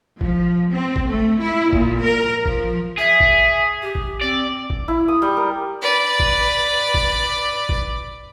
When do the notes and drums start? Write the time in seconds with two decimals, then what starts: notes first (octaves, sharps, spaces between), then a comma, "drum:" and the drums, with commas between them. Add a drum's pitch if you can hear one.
0.21 F3, drum: kick
0.72 C4
0.96 drum: kick
1.09 A3
1.42 E4
1.73 A#2, drum: kick
2.02 A#4
2.45 F3, drum: kick
2.98 G#4 E5
3.20 drum: kick
3.82 G4
3.95 drum: kick
4.22 C4 D5
4.70 drum: kick
4.88 E4
5.08 D#6
5.22 G3
5.37 A#4
5.82 B4 D5
6.20 drum: kick
6.94 drum: kick
7.69 drum: kick